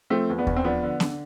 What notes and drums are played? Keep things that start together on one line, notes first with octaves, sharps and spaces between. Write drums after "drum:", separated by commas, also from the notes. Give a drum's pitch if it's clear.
F3 A3 C4
E2
B3 D4
E2, drum: kick D#2
C4
F3 B3 D4
D3
D3, drum: snare B3